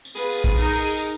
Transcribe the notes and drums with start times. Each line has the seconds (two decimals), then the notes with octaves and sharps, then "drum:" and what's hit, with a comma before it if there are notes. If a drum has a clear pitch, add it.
0.05 drum: tambourine
0.15 B3 F4 G#4 B4, drum: tambourine
0.31 drum: tambourine
0.44 drum: kick
0.57 D#4 A#4, drum: tambourine
0.70 drum: tambourine
0.83 drum: tambourine
0.96 drum: tambourine